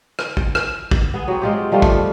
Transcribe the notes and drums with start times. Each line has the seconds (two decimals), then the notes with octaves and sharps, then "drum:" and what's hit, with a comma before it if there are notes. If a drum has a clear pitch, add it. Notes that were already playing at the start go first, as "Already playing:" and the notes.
0.19 drum: rim click
0.37 drum: kick
0.55 drum: rim click
0.91 drum: kick
1.14 B3 G#4
1.28 F#3 C4
1.42 G#3 F4 G4
1.72 F3 G3 A3 F4
1.82 drum: kick